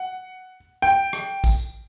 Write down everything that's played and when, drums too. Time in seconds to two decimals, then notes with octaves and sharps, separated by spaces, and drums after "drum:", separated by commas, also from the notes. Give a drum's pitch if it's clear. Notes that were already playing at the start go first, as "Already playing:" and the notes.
Already playing: F#5
0.82 G5
1.13 drum: rim click
1.44 drum: kick, tambourine